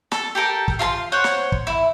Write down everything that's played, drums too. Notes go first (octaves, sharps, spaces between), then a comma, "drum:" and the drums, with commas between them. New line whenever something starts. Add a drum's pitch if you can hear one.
A4, drum: snare
G4 A4 A#4 G5
drum: kick
F4 F5 A5 C6
C5 C#5 F#5
drum: snare
drum: kick
E4